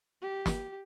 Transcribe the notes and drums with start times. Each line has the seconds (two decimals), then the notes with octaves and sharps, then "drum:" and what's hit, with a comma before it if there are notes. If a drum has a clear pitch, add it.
0.22 G4
0.46 drum: snare